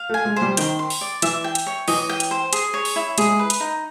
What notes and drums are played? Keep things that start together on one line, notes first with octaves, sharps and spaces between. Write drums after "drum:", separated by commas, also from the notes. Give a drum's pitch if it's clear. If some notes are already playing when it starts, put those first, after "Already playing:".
Already playing: F5
A3
G#5
G#3
C5
G3
D#3 G5, drum: hi-hat
C6
drum: open hi-hat
D5
E3 E5, drum: hi-hat
G5
drum: hi-hat
C#5
E3 D#5, drum: open hi-hat
G5
drum: hi-hat
C5
G#4, drum: hi-hat
C#5
drum: open hi-hat
E4
G#3 G#4, drum: hi-hat
B4
drum: hi-hat
D#4